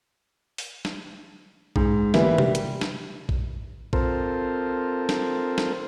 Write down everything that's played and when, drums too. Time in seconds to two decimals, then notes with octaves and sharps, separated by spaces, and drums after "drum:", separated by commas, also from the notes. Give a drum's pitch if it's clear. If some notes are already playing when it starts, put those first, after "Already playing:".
0.58 drum: open hi-hat
0.85 drum: snare
1.76 G#2, drum: kick A1
2.14 E3 G3 A#3 B3 E4, drum: snare
2.38 G3, drum: tom C3
2.55 drum: hi-hat
2.81 drum: snare
3.29 drum: kick A1
3.93 C4 F4 A4 A#4 C5, drum: kick A1
5.09 drum: snare
5.58 drum: snare